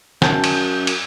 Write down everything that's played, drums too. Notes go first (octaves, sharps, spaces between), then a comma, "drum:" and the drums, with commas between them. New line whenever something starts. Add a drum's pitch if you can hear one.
F#2 G#5 A5 G6, drum: snare
drum: cymbal
drum: cymbal